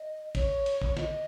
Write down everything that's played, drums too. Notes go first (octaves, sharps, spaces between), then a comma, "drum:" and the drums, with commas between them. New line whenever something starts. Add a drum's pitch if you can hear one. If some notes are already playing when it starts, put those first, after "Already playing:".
Already playing: D#5
C#5, drum: kick G#1, cymbal
drum: cymbal
drum: kick G#1
D#5, drum: snare